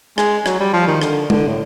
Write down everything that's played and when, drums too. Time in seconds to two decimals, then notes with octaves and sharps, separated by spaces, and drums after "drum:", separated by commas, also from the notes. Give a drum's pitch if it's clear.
0.18 G#3, drum: rim click
0.46 F#3, drum: rim click
0.60 G3
0.73 F3
0.87 D#3
1.02 D3, drum: rim click
1.30 D3, drum: tom G#3
1.47 A2